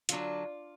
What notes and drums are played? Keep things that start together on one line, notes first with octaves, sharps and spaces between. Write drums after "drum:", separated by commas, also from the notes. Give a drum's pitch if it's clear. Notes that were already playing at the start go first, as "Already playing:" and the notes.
D3 F#3 D4 F4, drum: hi-hat